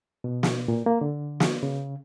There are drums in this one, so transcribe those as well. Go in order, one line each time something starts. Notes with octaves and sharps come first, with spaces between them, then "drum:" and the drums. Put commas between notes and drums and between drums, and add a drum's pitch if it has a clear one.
B2
drum: snare
A#2
A#3
D3
drum: snare
C#3